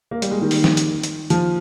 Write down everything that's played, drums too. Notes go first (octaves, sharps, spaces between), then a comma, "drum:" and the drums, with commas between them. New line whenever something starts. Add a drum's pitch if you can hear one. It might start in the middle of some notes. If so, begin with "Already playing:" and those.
A#3
G3, drum: hi-hat
G#3
D#3
drum: open hi-hat
drum: snare
drum: hi-hat
drum: hi-hat
F3, drum: hi-hat